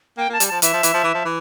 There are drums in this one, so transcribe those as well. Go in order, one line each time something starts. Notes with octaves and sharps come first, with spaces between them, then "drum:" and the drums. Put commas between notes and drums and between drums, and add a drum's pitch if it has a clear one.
A#3 G5
A#3 A5
G3, drum: hi-hat
F3 A5
E3 E5, drum: hi-hat
F3
E3, drum: hi-hat
F3
E3
F3
E3